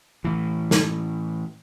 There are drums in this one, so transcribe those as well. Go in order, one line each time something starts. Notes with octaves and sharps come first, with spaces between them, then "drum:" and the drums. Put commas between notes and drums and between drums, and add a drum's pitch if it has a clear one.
A2 E3
drum: snare